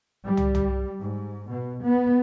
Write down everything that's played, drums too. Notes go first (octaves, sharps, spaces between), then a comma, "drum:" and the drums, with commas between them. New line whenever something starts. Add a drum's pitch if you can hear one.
G3
drum: tom
drum: tom
G#2
B2
B3